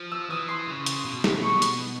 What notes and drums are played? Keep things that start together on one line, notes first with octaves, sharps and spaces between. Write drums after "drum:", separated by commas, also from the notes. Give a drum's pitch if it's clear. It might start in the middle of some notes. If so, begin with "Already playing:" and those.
Already playing: F3
E6
E3 D#6
C6
C#3
drum: hi-hat
B2
drum: snare
C#6
drum: hi-hat